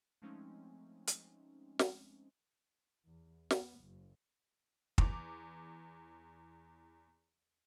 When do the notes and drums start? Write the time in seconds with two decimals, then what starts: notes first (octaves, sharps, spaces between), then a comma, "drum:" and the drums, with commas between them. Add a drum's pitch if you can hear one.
0.22 F3 G#3 A3 C4 C#4 D#4
1.07 drum: hi-hat
1.79 drum: snare
3.07 E2
3.51 B3, drum: snare
3.81 F#1
4.98 E2 D6 F7, drum: kick